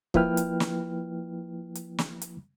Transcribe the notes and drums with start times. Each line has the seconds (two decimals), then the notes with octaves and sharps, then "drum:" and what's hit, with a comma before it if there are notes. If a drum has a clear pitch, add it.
0.14 F3 A#3 E4 B4 G5 F6, drum: kick
0.37 drum: hi-hat
0.60 drum: snare
1.75 drum: hi-hat
1.98 drum: snare
2.22 drum: hi-hat